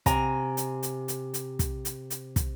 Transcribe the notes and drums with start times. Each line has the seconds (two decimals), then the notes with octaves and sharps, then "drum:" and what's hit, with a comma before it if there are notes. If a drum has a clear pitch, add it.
0.06 C3 G#5 A#5, drum: kick, hi-hat
0.57 drum: hi-hat
0.83 drum: hi-hat
1.08 drum: hi-hat
1.34 drum: hi-hat
1.59 drum: kick, hi-hat
1.85 drum: hi-hat
2.10 drum: hi-hat
2.36 drum: kick, hi-hat